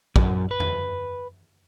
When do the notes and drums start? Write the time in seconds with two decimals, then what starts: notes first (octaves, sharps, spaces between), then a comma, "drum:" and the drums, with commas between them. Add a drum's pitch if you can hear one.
0.16 F#2, drum: kick
0.51 B4
0.60 drum: tom E2